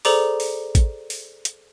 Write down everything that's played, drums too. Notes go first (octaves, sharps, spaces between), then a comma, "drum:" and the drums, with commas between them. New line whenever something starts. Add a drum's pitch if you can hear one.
G#4 A4 C5 D5 A#5 D6, drum: open hi-hat
drum: open hi-hat
drum: kick, hi-hat
drum: open hi-hat
drum: hi-hat